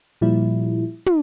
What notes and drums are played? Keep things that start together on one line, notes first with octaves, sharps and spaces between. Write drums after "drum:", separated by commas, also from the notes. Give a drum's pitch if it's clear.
A#2 F3 G3 E4
drum: tom